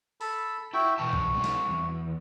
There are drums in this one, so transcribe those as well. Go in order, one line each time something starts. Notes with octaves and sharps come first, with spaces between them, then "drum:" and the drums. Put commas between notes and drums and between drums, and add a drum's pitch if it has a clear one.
A4 A5 B5, drum: open hi-hat
E4 F#4 E5 G5
B2 E3 F#4 A5
drum: kick B1
G3 C4
drum: snare
E2